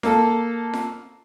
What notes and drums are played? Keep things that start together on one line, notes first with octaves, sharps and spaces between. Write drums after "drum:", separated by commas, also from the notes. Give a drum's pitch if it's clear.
A#3 A4, drum: snare F4
drum: snare F4